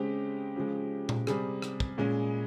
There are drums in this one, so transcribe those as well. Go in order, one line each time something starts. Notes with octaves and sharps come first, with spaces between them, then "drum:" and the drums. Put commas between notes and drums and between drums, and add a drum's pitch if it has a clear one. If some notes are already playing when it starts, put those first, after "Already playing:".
Already playing: C#3 G#3 C4 G4
C#3 F3 G#3
drum: tom A#2
C3 G3 C4 G#4, drum: rim click
drum: rim click
drum: kick
A#2 G#3 C#4